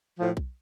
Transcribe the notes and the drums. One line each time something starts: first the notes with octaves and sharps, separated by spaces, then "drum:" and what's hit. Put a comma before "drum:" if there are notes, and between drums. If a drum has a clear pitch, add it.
A2 F3
drum: kick B1